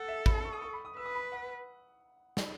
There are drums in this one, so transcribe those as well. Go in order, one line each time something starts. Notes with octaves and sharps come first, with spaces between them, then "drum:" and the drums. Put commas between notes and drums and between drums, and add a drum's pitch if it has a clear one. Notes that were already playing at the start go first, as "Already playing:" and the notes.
Already playing: A4 F#5
E5
B5, drum: kick
A5
C#6
D#6
C#6
B5
D#6
B4 E6
D#6
B5
F#5
drum: snare